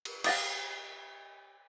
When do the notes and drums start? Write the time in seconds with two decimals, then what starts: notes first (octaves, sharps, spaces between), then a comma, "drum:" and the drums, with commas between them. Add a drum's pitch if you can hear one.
0.05 drum: cymbal
0.24 G4 F5 F#5 D#6 A6 A#6, drum: cymbal